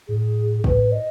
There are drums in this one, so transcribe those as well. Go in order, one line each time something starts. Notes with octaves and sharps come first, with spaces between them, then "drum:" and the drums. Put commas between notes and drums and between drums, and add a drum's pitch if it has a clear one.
A2 G#4
A2 B4, drum: kick
D#5